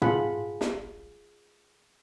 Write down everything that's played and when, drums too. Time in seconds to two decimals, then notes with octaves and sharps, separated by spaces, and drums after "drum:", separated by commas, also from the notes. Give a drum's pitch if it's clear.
0.02 F4 G#4 F#5 A5 B5, drum: tom
0.61 drum: snare